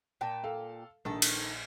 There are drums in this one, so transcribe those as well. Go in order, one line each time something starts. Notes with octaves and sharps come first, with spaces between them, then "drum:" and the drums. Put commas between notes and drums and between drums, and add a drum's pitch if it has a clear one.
A#2 G5 A5
A4 F5
A#1 D#3 A4
drum: cymbal